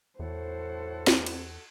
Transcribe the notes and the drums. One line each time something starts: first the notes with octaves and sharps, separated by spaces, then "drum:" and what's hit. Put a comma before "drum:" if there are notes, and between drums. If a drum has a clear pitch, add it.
E2 A2 F#4 A4 C5 F#5
drum: snare
drum: cymbal